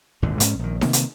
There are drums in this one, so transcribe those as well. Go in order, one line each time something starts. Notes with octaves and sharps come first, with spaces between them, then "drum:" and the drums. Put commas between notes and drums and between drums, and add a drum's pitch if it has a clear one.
G#1 D#2 A#2 D3
G#2 C#4, drum: hi-hat
A#1 D#3
C3 D#3 A#3, drum: snare D#4
drum: hi-hat